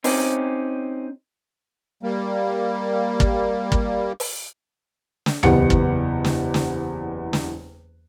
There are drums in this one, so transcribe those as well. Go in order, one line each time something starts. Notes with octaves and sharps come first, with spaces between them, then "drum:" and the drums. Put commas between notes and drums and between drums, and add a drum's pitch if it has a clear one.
C4 C#4 D#4 G4, drum: open hi-hat
G3 A#3
drum: kick
drum: kick
drum: open hi-hat
drum: snare
F#1 E2 B3 G4 F#5 C#7, drum: tom D2
drum: kick
drum: snare
drum: snare
drum: snare